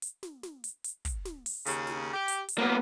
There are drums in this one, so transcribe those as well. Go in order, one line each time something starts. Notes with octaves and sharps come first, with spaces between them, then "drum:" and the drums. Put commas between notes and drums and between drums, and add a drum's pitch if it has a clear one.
drum: hi-hat
drum: snare
drum: snare
drum: hi-hat
drum: hi-hat
drum: kick, hi-hat
drum: snare
drum: open hi-hat
D#2 C#3, drum: hi-hat
drum: snare
G4
drum: hi-hat
drum: hi-hat
E3 F#3 A#3 B3